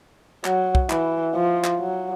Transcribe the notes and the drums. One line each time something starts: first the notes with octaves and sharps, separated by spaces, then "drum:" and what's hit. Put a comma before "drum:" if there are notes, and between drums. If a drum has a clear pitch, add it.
F#3, drum: clap
drum: kick
E3, drum: clap
F3
drum: clap
F#3